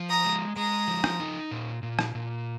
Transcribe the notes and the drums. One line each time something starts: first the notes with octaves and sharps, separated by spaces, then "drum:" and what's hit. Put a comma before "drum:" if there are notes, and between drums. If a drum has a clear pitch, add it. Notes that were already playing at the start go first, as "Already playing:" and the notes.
Already playing: F3
A#5 D#6
G#3
G#3 A#5 D#6
F3
drum: rim click
D#4
A#2
A#2
drum: rim click
A#2